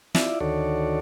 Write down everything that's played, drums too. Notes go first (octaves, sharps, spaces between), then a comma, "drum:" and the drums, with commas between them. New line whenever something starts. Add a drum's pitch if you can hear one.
E4 F4 D5 E5, drum: snare
D2 D#3 F#4 A4 C#5 D5